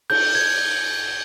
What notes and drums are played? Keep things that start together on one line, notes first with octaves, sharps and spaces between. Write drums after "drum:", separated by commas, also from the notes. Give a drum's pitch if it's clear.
G6, drum: cymbal
G#6